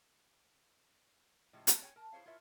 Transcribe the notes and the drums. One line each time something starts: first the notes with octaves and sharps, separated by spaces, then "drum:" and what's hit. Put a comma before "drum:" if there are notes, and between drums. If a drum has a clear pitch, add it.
A2 C#3 F3 G3 G#3
F3 F#3 A3, drum: hi-hat
C#5 G5 G#5
A#4 A5
E4 G#4 C5 C#5 F5
E4 F4 A#4 C#5 E5